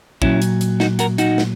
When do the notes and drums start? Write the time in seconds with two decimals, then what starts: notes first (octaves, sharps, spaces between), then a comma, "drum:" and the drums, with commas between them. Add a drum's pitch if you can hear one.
0.22 A#2 F#3 C#4 E4, drum: kick
0.42 drum: hi-hat
0.61 drum: hi-hat
0.80 D#4 F#4, drum: snare
0.99 F#4 A#4, drum: hi-hat
1.18 D#4 F#4, drum: hi-hat
1.38 drum: snare